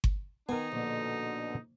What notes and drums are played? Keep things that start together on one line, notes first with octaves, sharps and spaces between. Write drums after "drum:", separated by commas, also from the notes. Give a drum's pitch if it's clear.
drum: kick G1
D#3 B3 D#4 A#4 G#5
A#1 B2 D3